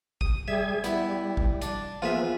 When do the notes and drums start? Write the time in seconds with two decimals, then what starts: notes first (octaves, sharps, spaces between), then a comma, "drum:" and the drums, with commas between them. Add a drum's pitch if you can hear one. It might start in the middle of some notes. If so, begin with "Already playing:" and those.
0.21 D#6, drum: kick G#1
0.48 G3 G#4 E5 G#6
0.84 G3 B3 E4, drum: hi-hat
1.37 drum: kick G#1
1.62 D4, drum: hi-hat
2.02 F3 A#3 B3 F4 G#4 E5